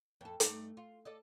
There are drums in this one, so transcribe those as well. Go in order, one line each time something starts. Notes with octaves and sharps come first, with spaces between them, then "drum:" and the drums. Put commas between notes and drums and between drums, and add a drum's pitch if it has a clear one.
F2 A4
G2 A3 D#4, drum: hi-hat
F4
A4 D5 D#5